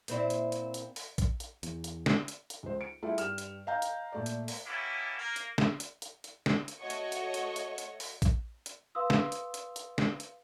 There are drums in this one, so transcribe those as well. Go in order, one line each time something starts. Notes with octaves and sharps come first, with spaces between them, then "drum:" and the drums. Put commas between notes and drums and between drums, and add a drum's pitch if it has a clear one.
A#2 C4 E4, drum: hi-hat
drum: hi-hat
drum: hi-hat
drum: hi-hat
drum: open hi-hat
drum: kick A#1, hi-hat
drum: hi-hat
E2, drum: hi-hat
drum: hi-hat
drum: snare
drum: hi-hat
drum: hi-hat
C#2 C5
C#7 D7
G3 A3 E4 F4 G4 G#4
G2 G4 F6 E7, drum: hi-hat
drum: hi-hat
D#5 F5 G5 A#5 G6
drum: hi-hat
A#2 A3 D5
drum: hi-hat
drum: open hi-hat
A#3 B3 C#4 E4 G4 A4
A#3 A#4
drum: hi-hat
drum: snare
drum: hi-hat
drum: hi-hat
drum: hi-hat
drum: snare
drum: hi-hat
A3 F#4 C#5 D#5 C#6
drum: hi-hat
drum: hi-hat
drum: hi-hat
drum: hi-hat
drum: hi-hat
drum: open hi-hat
drum: kick A#1, hi-hat
drum: hi-hat
B4 F5 C6 D#6 E6
drum: snare
drum: hi-hat
drum: hi-hat
drum: hi-hat
drum: snare
drum: hi-hat